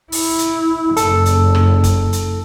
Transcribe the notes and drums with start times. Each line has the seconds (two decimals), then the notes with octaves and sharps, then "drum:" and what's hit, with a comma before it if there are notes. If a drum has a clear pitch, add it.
0.12 E4, drum: open hi-hat
0.39 drum: hi-hat
0.97 F#1 A4, drum: hi-hat
1.26 drum: hi-hat
1.55 drum: rim click
1.84 drum: kick F1, hi-hat
2.13 drum: hi-hat